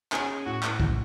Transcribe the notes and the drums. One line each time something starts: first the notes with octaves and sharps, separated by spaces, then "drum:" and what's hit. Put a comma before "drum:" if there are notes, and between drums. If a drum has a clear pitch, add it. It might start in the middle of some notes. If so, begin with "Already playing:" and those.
C#4 G#4, drum: clap
A2 F#4
drum: clap
A2, drum: kick